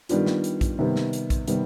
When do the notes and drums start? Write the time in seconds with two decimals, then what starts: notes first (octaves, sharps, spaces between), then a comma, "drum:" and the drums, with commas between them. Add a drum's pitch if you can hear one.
0.09 D#3 G3 B3 D4 F4, drum: hi-hat
0.27 drum: snare
0.44 drum: hi-hat
0.61 drum: kick A#1, hi-hat
0.79 C3 D#3 G3 B3
0.96 drum: snare
1.13 drum: hi-hat
1.30 drum: kick A#1, hi-hat
1.48 C3 D#3 G3 B3, drum: hi-hat